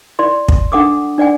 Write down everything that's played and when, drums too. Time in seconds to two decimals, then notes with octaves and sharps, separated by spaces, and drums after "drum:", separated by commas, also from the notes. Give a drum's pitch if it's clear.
0.19 E4 D5 C6
0.49 drum: kick
0.72 D4 A4 F#5 D6 D#6
1.18 D4 D5 F#5 G#5